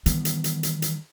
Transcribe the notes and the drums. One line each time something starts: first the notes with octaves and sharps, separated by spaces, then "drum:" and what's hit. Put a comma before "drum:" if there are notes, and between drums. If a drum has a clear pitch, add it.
D#3 E3 G3 B3, drum: hi-hat
drum: hi-hat
drum: hi-hat
drum: hi-hat
drum: hi-hat